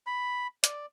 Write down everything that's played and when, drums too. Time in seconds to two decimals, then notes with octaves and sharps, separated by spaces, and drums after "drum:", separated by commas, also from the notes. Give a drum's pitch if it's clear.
0.06 B5
0.64 D5, drum: hi-hat